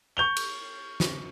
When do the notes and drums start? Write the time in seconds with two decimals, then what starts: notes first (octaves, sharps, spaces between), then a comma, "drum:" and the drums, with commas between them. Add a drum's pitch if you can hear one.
0.17 C#6 G6 F7 G7
0.36 drum: cymbal
1.00 drum: snare